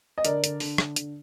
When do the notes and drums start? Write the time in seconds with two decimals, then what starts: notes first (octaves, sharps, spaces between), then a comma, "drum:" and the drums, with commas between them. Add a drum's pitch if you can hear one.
0.18 D#5
0.25 D3 A#4 D5, drum: hi-hat
0.44 D3, drum: hi-hat
0.60 D3, drum: open hi-hat
0.78 D3, drum: rim click
0.96 D3, drum: hi-hat